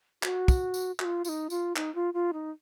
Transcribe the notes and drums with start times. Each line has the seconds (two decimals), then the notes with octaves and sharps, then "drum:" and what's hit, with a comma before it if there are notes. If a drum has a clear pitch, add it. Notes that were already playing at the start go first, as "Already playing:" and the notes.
0.23 F#4, drum: clap
0.48 drum: kick, tambourine
0.74 drum: tambourine
0.99 F#4, drum: clap
1.04 F4
1.25 F4, drum: tambourine
1.29 D#4
1.50 F4, drum: tambourine
1.76 D#4, drum: clap
1.95 F4
2.14 F4
2.33 D#4